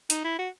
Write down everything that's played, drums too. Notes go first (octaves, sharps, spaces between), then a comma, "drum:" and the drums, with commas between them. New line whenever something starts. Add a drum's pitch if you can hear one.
D#4, drum: hi-hat
E4
F#4